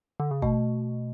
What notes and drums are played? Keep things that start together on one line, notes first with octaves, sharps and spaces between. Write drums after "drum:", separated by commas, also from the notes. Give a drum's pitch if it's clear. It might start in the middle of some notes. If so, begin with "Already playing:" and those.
D3
C#3
B2 A3, drum: kick G1